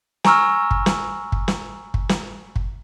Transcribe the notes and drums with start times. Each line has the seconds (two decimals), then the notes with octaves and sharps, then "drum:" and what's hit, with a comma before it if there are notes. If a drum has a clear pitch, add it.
0.24 G#5 A#5 C#6 E6 F6, drum: snare
0.71 drum: kick
0.86 drum: snare
1.32 drum: kick
1.48 drum: snare
1.94 drum: kick
2.09 drum: snare
2.56 drum: kick